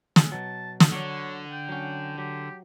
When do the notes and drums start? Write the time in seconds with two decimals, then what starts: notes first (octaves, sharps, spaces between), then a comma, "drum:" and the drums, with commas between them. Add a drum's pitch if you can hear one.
0.16 G#4, drum: snare
0.32 B2 F#3 A5
0.80 drum: snare
0.91 D3 F#3 C#5 D5
1.52 G5
1.69 F#3 C#4
2.18 F#3 G4